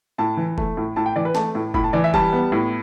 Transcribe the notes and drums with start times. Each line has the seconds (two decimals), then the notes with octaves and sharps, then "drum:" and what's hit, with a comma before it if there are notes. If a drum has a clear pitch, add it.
0.18 A2 A5
0.37 E3
0.58 A3, drum: kick
0.77 A2
0.96 A2 A5
1.06 G5
1.16 E3 D5
1.25 B4
1.35 A3 A5, drum: snare
1.55 A2
1.74 A2 B5, drum: kick
1.84 A5
1.93 E3 D5
2.04 E5
2.14 G3 A5, drum: kick
2.33 B3
2.52 A2